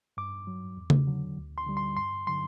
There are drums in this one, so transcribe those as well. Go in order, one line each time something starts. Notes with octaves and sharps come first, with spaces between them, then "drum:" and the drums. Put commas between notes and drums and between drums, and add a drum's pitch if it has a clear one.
G2 D6
F#3
E2
drum: tom C#3
D3 F#3
D2
C6
D3 G3
C6
G2 C6
D3 F#3 C6